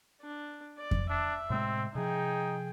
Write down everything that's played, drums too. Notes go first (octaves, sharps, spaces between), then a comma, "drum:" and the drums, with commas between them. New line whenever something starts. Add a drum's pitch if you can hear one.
D4
D5
drum: kick F2
D4 E5
A2 C3 G#3 C4
C3 F3 D#4 G#4 G5